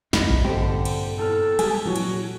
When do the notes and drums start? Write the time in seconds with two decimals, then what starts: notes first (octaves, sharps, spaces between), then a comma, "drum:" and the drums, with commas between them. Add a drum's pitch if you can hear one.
0.13 F2 A#2 C4 D#4 E4 B5, drum: snare
0.30 drum: kick A1
0.45 G2 A#2 D3 C4 G4 A4 C5
0.85 drum: cymbal
1.18 E2 A4 F6
1.59 G3 G#3 G4 G#4 G#5, drum: cymbal
1.85 A#2 E3 F#3 F#4
1.96 drum: cymbal